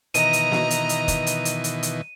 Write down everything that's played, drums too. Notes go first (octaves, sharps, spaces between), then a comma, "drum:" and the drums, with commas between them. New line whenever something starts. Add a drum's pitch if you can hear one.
B2 D#3 E3 D#5 A#5 D#7, drum: hi-hat
drum: hi-hat
drum: snare
drum: hi-hat
drum: hi-hat
drum: kick, hi-hat
drum: hi-hat
drum: hi-hat
drum: hi-hat
drum: hi-hat